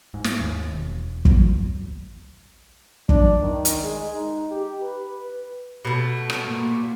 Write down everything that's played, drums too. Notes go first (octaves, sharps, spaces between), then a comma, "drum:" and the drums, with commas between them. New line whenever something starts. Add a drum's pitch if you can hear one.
G#2
drum: snare
D#2
E1
drum: kick
D4, drum: kick
D#3
drum: hi-hat
G#3
D#4
G4
B4
B2 A3
drum: rim click
A#2